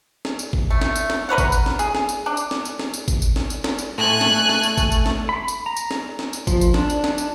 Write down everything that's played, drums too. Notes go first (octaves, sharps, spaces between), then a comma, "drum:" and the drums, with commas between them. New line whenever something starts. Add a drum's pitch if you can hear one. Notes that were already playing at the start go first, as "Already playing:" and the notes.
drum: snare
drum: tambourine
drum: kick G#1
A3
drum: snare
drum: tambourine
drum: snare
A#4 B4 C#5 F#5
drum: kick G#1, tambourine
drum: tambourine
drum: snare
G#4, drum: tambourine
drum: snare
drum: tambourine
D4
drum: tambourine
drum: snare
drum: tambourine
drum: snare
drum: tambourine
drum: kick G#1, tambourine
drum: tambourine
drum: snare
drum: tambourine
drum: snare
drum: tambourine
A2 A3 G#5 F#6
drum: snare
A3
drum: snare
drum: tambourine
drum: kick G#1, tambourine
drum: tambourine
drum: snare
B5
drum: tambourine
A#5
drum: tambourine
drum: snare
drum: snare
drum: tambourine
F3, drum: kick G#1, tambourine
drum: tambourine
D4, drum: snare
drum: tambourine
drum: snare
drum: tambourine